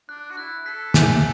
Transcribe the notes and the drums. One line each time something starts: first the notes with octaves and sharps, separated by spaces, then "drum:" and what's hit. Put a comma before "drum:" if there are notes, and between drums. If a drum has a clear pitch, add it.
D4 F#6
F#4
E4 F#6
A4 B6
G#5, drum: snare